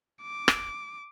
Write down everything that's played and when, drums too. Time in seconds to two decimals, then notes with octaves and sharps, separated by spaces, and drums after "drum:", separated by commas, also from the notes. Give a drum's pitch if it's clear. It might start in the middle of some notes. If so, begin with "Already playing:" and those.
0.22 D6
0.48 drum: rim click